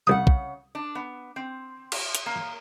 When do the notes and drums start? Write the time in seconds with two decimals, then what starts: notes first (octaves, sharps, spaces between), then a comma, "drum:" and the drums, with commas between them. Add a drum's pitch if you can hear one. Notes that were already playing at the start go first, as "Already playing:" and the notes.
0.07 C2 C#3 F#5 D#6
0.27 drum: kick
0.75 D4
0.95 B3
1.36 C4
1.92 drum: cymbal
2.15 drum: hi-hat
2.26 A#3